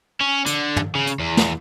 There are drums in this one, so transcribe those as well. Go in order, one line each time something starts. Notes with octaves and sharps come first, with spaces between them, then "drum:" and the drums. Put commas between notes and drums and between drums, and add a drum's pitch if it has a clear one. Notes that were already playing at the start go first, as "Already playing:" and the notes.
C#4
D3, drum: hi-hat
drum: tom
C#3
drum: hi-hat
E2
drum: snare